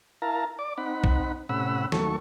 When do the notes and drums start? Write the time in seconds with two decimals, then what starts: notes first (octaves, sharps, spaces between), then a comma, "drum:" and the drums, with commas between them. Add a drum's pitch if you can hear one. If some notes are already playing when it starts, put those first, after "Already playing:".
0.22 E4 A#4 F5 A5 A#5
0.59 D5 D6
0.78 C4 D#4 F#5 B5
1.04 drum: kick
1.49 A2 C3 C#4 F#5 B5 E6
1.92 D#2 F#3 A3 A4 C#6, drum: snare